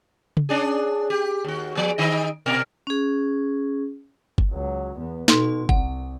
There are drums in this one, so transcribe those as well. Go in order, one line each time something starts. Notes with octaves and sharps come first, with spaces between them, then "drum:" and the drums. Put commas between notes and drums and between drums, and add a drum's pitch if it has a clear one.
drum: tom C#3
C#4 D4 G#4
G4
D#2 F#4
F3 B3 G#4
D#3 D#4 D#5
B2 A#4
C#4 G#4
drum: kick G1
C#2 F#3
E2 B3
B2 D#4 A4 C6, drum: snare
C2 F#5, drum: kick G1